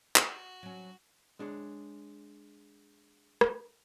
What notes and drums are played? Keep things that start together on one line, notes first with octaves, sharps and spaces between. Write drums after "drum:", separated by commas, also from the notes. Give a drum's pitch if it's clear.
F#4, drum: clap
F#3 C#4
G#3 D4 G#4 C#5
drum: rim click